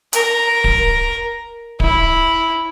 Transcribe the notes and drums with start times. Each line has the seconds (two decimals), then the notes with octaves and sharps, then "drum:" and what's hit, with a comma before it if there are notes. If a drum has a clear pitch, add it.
0.13 A#4, drum: hi-hat
0.64 drum: kick D1
1.80 E4, drum: kick D1